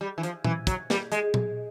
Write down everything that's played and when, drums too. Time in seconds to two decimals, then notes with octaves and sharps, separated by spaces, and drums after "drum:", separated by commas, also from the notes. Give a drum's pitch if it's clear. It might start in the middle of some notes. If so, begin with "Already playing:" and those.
0.01 G3
0.18 E3
0.23 F3, drum: hi-hat
0.44 E3, drum: tom A#2
0.67 F#3, drum: kick, hi-hat
0.90 G3, drum: snare
1.12 G#3, drum: hi-hat
1.34 drum: tom A#2